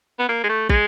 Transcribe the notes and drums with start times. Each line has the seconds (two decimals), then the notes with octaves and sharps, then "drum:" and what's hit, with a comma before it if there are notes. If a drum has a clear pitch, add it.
0.19 B3
0.29 A#3
0.44 G#3
0.49 A3
0.69 G#3, drum: kick